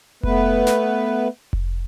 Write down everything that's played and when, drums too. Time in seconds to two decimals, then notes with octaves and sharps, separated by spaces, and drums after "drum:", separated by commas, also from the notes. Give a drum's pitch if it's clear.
0.23 A3 B3 B4, drum: kick F1
0.67 drum: snare
1.53 drum: kick F1